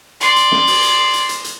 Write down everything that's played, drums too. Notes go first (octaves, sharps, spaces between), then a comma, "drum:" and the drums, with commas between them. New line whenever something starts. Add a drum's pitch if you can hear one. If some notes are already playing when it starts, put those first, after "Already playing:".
D5 C6, drum: hi-hat
drum: hi-hat
drum: snare
drum: open hi-hat
drum: hi-hat
drum: hi-hat
drum: hi-hat
drum: hi-hat